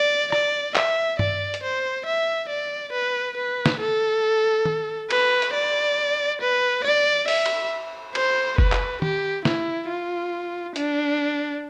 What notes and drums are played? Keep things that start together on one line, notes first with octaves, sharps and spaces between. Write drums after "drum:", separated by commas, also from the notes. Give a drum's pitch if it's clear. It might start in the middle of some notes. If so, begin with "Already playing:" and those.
Already playing: D5
D5, drum: rim click
E5, drum: clap
D5, drum: tom G2
drum: hi-hat
C5
E5
D5
B4
B4
drum: snare
A4
drum: tom D#3
B4, drum: cymbal
drum: hi-hat
D5
B4
D5
E5, drum: open hi-hat
drum: cymbal
C5, drum: cymbal
B4, drum: kick
drum: clap
G4, drum: tom
E4, drum: snare
F4
D4, drum: hi-hat